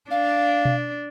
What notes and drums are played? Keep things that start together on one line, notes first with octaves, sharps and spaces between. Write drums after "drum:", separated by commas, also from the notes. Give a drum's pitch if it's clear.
D4 F5
drum: tom B2